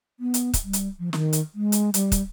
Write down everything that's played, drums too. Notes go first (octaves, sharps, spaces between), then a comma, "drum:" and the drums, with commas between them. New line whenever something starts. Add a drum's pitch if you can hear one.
B3
drum: hi-hat
drum: kick, hi-hat
G3
drum: hi-hat
F3
D#3, drum: snare
drum: hi-hat
G#3
drum: hi-hat
G3, drum: hi-hat
drum: kick, hi-hat